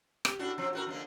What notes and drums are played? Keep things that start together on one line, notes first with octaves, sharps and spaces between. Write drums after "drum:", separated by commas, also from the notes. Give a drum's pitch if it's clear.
G4, drum: rim click
A2 D4 F#4
F3 C4
A2 F#4 A#4
F2 D3 A#3